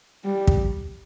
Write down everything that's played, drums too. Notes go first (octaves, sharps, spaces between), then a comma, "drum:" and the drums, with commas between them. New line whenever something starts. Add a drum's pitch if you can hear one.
G3
drum: kick